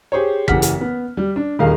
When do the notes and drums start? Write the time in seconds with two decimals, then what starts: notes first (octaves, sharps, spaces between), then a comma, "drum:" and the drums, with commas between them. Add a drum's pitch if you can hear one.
0.12 G4 G#4 C5 C#5
0.48 F#1 E3 G4 F#5 F6 B6, drum: kick
0.62 drum: hi-hat
0.81 B3
1.17 G3
1.36 D4
1.59 D#1 D#3 G#4 A#4 F5